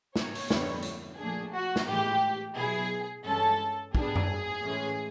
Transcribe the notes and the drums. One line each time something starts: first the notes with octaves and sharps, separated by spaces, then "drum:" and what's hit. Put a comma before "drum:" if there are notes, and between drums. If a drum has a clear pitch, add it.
C#5, drum: snare
drum: open hi-hat
F2 D3 G3 B3, drum: snare
drum: hi-hat
A#2 F3 A3 D4 G#4
F#4
drum: snare
A2 E3 G#3 G4
B2 F#3 B3 E4 G#4
G2 E3 G#3 C#4 A4
B2 G3 B3 D4 G#4, drum: kick
drum: tom F#2
A2 E3 G#3 C#4